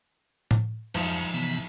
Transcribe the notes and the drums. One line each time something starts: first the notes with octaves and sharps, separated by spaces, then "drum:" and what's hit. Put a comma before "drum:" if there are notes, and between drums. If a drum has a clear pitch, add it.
drum: tom
F2 G#2 F3 F#3, drum: cymbal
C3 E3 B3